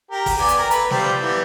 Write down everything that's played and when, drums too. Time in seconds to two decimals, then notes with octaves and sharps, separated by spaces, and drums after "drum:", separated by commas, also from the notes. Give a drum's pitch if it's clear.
0.11 G4 A#4
0.26 drum: kick, open hi-hat
0.39 B3 D5 G#5
0.48 drum: hi-hat
0.58 A#4
0.71 A3 B4, drum: hi-hat
0.91 F3 G3 C4, drum: snare
1.21 E3 G3 B3